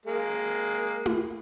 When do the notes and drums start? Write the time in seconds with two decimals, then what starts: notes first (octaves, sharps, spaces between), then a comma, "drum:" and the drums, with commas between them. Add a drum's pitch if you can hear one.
0.06 G#3 A#3
1.06 drum: tom E4